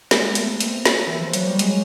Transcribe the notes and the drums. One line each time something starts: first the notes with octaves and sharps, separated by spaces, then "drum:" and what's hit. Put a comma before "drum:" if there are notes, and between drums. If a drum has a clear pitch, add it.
G#3 A#3, drum: snare
A3 B3, drum: hi-hat
A#3 C4, drum: hi-hat
drum: snare
E3
F3
F#3, drum: hi-hat
G3
F#3 G#3, drum: hi-hat